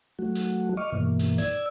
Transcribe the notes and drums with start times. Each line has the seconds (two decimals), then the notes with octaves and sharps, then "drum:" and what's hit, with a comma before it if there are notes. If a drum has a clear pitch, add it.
0.19 F#3 A3 F#4
0.35 drum: hi-hat
0.77 D#5 C#6 D6 F6
0.92 G2 B2 E3 A#3
1.19 drum: hi-hat
1.38 D5 E6 G#6, drum: hi-hat